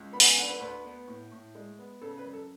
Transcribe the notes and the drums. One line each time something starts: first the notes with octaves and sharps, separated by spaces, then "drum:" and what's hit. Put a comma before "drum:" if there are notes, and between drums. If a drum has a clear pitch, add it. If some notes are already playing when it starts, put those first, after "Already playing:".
Already playing: C#2
B3 B5
F#5, drum: open hi-hat
G#5
D3 F#5
B4
D2 B4
B3
A2
A2
G#3
B3
C#3 A4
B4
F#2
A4